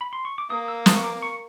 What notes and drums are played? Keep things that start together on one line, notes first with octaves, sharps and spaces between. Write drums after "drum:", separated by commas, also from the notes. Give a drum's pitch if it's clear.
B5
C6
C#6
D6
A#3 D#6
E6
D#6, drum: snare
C#6
D6
C#6